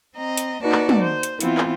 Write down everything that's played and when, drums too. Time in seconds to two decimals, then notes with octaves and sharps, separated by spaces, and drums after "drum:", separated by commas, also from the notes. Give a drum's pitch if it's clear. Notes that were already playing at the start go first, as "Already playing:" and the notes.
0.17 C4 D#5 A#5
0.37 drum: hi-hat
0.63 A#3 D#4 F#4 B4 D5 A5
0.72 drum: clap
0.89 drum: tom
1.02 C5
1.23 drum: hi-hat
1.40 E3 B3 C4 E4 F4, drum: hi-hat
1.58 drum: clap